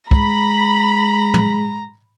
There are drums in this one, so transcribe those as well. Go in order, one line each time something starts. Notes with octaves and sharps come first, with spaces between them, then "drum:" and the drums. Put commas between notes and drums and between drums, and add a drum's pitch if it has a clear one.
G#3 A#5 B5, drum: kick
drum: tom